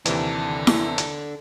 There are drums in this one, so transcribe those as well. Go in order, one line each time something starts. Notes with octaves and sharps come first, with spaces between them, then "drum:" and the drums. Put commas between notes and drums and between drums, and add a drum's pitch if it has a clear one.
D#2 C3 E3 D4 A4, drum: hi-hat
drum: snare E4
drum: hi-hat